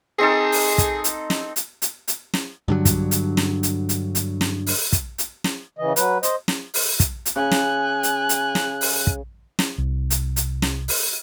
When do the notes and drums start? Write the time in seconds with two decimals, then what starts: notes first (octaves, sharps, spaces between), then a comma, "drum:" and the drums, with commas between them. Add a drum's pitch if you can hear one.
0.18 C4 D#4 G#4 A4
0.52 drum: open hi-hat
0.78 drum: kick, hi-hat
1.04 drum: hi-hat
1.30 drum: snare
1.56 drum: hi-hat
1.82 drum: hi-hat
2.08 drum: hi-hat
2.34 drum: snare
2.68 G2 D3 F#3
2.85 drum: kick, hi-hat
3.11 drum: hi-hat
3.37 drum: snare
3.63 drum: hi-hat
3.89 drum: hi-hat
4.15 drum: hi-hat
4.41 drum: snare
4.67 drum: open hi-hat
4.92 drum: kick, hi-hat
5.18 drum: hi-hat
5.44 drum: snare
5.79 C#3 E3 D#5
5.96 F#3 B4, drum: hi-hat
6.23 C5 D#5, drum: hi-hat
6.48 drum: snare
6.74 drum: open hi-hat
7.00 drum: kick, hi-hat
7.26 drum: hi-hat
7.36 C#3 G#5 F#6
7.51 drum: snare
8.03 drum: hi-hat
8.29 drum: hi-hat
8.55 drum: snare
8.81 drum: open hi-hat
9.07 drum: kick
9.59 drum: snare
9.78 C2
10.10 drum: hi-hat
10.36 drum: hi-hat
10.62 drum: snare
10.88 drum: open hi-hat